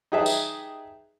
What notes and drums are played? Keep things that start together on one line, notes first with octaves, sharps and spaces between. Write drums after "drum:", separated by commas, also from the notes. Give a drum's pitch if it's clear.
D#4 G4 G#4 B4 E5 A5
drum: tambourine